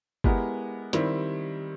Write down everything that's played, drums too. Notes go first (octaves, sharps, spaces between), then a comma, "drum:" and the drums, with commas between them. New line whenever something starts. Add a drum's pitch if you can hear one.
G#3 B3 E4 G4 A#4, drum: kick G1
D#3 G3 C4 E4, drum: hi-hat